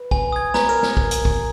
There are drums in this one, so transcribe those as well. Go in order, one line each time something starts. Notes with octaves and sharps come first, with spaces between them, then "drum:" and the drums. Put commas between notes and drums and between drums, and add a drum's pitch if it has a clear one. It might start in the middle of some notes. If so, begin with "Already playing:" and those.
Already playing: B4
G#5, drum: kick
D#6 G#6
B4 A#5, drum: snare
A#4
drum: snare
drum: kick
drum: hi-hat
drum: kick